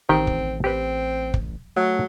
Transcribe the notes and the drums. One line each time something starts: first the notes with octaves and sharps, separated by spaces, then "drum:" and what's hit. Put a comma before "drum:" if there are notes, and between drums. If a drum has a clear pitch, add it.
A1 D#3 C4 G4 G5
drum: kick
C4 G4 B4
drum: kick
F#3 A3